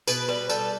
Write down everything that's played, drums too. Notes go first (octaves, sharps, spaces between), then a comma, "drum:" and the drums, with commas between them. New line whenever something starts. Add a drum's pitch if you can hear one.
B2 B4, drum: tambourine
G3 B4
G3 A4, drum: tambourine